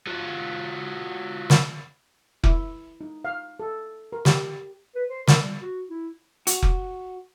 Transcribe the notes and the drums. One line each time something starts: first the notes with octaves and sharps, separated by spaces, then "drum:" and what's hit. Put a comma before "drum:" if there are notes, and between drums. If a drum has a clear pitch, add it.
F#3 F4
drum: snare
E4, drum: kick F1
D#4
F5
A4
A#4
G4, drum: snare
B4
C5
A#4, drum: snare
G3
F#4
E4
F#4, drum: hi-hat
drum: kick F1